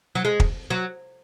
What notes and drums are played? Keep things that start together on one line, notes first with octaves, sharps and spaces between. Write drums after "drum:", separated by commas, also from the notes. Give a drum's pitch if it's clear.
F#3
G#3
drum: kick
F#3